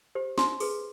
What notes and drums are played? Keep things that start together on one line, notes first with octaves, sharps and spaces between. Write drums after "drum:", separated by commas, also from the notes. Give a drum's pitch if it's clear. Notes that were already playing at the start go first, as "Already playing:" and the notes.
G4 C5
D#4 C6, drum: snare
G#4 B4, drum: open hi-hat